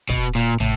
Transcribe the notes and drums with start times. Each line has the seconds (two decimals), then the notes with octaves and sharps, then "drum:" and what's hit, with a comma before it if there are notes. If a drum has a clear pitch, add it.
0.09 B2, drum: kick
0.35 A#2
0.60 A2, drum: tom